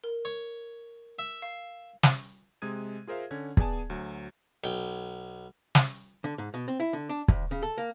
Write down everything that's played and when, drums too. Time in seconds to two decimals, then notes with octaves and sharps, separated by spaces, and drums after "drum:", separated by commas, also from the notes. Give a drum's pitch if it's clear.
0.04 A#4
0.25 C#5
1.19 E5
1.42 F5
2.03 drum: snare
2.62 C3 G#3 D#6 G#6 D#7
3.07 F4 G#4 A#4 C5 E5 F5
3.31 D3 C#4 G#6
3.57 B3 G#4 D5 G#5 A5, drum: kick
3.90 D2 F#3
4.64 B1 G5
5.75 drum: snare
6.24 D3
6.38 G#2
6.54 B2
6.68 C4
6.80 E4
6.93 D3
7.09 D4
7.28 D2, drum: kick
7.51 C#3
7.63 A4
7.78 A#3